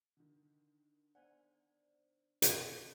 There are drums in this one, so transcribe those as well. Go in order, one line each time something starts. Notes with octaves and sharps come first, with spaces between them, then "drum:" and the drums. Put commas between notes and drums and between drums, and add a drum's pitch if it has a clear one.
D3 D#3
B3 C5 D5 F#5 G#5
drum: hi-hat